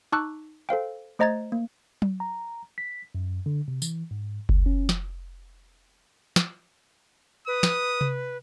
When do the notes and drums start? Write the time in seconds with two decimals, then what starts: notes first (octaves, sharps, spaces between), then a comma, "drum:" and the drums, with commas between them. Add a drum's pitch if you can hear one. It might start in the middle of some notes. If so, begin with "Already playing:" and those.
0.12 D#4 A5 C#6 D6 E6 F#6
0.69 A4 C5 F5 G5
1.19 A3 C5 D#5 A#5 G#6 A6
1.52 A#3
2.02 drum: tom F#3
2.20 A#5
2.78 B6
3.15 F#2
3.46 D3
3.68 C3
3.82 E3, drum: tambourine
4.11 G#2
4.49 D2, drum: kick F#1
4.66 C#4
4.89 drum: snare
6.36 drum: snare
7.48 B4 D#6
7.63 drum: snare
8.01 drum: tom C3